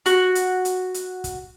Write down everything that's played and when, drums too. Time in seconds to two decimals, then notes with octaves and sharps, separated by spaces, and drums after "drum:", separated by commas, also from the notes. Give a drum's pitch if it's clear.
0.06 F#4, drum: hi-hat
0.35 drum: hi-hat
0.65 drum: hi-hat
0.94 drum: hi-hat
1.24 drum: kick, hi-hat